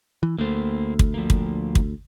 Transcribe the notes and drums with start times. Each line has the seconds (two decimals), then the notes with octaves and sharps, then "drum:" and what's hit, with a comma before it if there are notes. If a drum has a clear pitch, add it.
0.23 E3
0.38 D2 A3 A#3 C5
0.99 drum: kick
1.14 F3 A#3
1.30 drum: kick
1.75 drum: kick